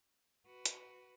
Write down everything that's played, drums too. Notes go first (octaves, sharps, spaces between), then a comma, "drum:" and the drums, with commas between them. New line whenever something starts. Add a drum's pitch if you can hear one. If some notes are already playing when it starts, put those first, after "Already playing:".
F#4 B4
drum: hi-hat